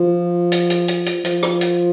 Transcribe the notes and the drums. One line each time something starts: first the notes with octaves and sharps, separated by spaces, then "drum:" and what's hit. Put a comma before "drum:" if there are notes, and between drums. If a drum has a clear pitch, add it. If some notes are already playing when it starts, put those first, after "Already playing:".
Already playing: F3
drum: hi-hat
drum: hi-hat
drum: hi-hat
drum: hi-hat
F3, drum: hi-hat
drum: rim click
drum: hi-hat